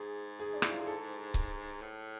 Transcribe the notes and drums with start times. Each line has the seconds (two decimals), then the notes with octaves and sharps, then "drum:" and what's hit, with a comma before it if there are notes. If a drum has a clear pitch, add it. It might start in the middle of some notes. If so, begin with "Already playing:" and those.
Already playing: G#2 G#4
0.39 G#4
0.53 D4
0.62 E4, drum: rim click
0.71 F4
0.79 G#4
0.86 A4
1.34 drum: kick C#1
1.82 A2